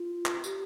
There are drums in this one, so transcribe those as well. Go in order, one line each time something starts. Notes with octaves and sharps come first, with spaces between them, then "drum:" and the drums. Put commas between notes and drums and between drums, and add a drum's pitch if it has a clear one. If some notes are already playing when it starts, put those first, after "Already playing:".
Already playing: F4
drum: clap
G4, drum: tambourine